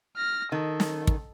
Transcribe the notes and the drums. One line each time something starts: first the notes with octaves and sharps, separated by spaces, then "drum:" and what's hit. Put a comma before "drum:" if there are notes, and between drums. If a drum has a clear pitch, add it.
F6 A#6
D#3 A4
drum: snare
drum: kick